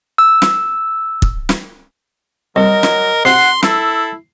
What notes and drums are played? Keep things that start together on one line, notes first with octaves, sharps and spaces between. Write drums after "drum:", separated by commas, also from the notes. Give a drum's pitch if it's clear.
E6
drum: snare
drum: kick
drum: snare
C2 F#3 A#4 D#5
drum: snare
C3 F4 F#5 C6 C7
E4 A4, drum: snare